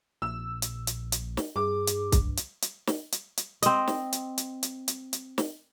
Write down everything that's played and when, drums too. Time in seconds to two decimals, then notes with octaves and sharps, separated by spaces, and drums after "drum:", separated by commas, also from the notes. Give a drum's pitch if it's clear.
0.22 A#1 E6
0.62 drum: hi-hat
0.87 drum: hi-hat
1.12 drum: hi-hat
1.37 drum: snare
1.56 G2 G#4 D6
1.87 drum: hi-hat
2.12 drum: kick C2, hi-hat
2.37 drum: hi-hat
2.62 drum: hi-hat
2.87 drum: snare
3.12 drum: hi-hat
3.37 drum: hi-hat
3.62 C4 D#5, drum: hi-hat
3.88 drum: snare
4.13 drum: hi-hat
4.38 drum: hi-hat
4.63 drum: hi-hat
4.88 drum: hi-hat
5.13 drum: hi-hat
5.38 drum: snare